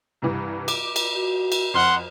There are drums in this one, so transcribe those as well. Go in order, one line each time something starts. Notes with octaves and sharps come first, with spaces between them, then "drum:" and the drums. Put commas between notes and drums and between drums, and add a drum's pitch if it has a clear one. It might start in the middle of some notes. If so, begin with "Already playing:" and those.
C2 G2 E3
D6, drum: cymbal
drum: cymbal
F#4
drum: cymbal
F2 F#5 C6 F6